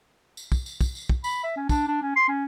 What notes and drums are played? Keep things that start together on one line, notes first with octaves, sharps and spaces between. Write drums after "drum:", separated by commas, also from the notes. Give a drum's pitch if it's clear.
drum: tambourine
drum: kick, tambourine
drum: tambourine
drum: kick, tambourine
drum: tambourine
drum: kick
B5, drum: tambourine
E5
C#4
D4, drum: kick, tambourine
D4
C#4
C6
C#4